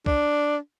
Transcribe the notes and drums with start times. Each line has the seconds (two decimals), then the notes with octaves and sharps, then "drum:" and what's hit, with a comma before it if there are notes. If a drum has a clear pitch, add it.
0.06 D4, drum: kick C2